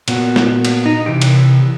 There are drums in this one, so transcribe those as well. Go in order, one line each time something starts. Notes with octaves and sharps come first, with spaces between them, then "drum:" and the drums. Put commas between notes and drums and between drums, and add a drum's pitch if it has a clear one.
A#2 B3 F#4, drum: cymbal
drum: snare
drum: cymbal
D#4
C3 E3 G4
drum: cymbal